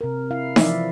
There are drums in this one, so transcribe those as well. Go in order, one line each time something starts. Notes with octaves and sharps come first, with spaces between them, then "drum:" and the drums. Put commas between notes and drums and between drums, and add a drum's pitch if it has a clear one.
C3 A#4
E4 F5
E3 F3 E4 D5 E5, drum: snare D#4